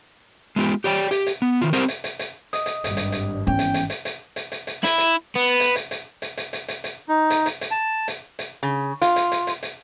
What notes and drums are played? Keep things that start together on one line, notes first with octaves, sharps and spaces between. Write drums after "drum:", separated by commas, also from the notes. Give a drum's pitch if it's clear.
G#3 B3 F4 G4
G4 C#5 D5 G5
G4, drum: hi-hat
drum: hi-hat
B3
D#3 F4
C4 G4 A#4 C5, drum: hi-hat
drum: hi-hat
drum: hi-hat
drum: hi-hat
D#5 D#6, drum: hi-hat
drum: hi-hat
G#1 G2, drum: hi-hat
drum: hi-hat
drum: hi-hat
E3 B3 C#4 G5
drum: hi-hat
drum: hi-hat
drum: hi-hat
drum: hi-hat
drum: hi-hat
drum: hi-hat
drum: hi-hat
E4, drum: hi-hat
drum: hi-hat
B3
drum: hi-hat
drum: hi-hat
drum: hi-hat
drum: hi-hat
drum: hi-hat
drum: hi-hat
drum: hi-hat
drum: hi-hat
D#4
drum: hi-hat
drum: hi-hat
drum: hi-hat
A5
drum: hi-hat
drum: hi-hat
C#3
F4, drum: hi-hat
drum: hi-hat
drum: hi-hat
drum: hi-hat
drum: hi-hat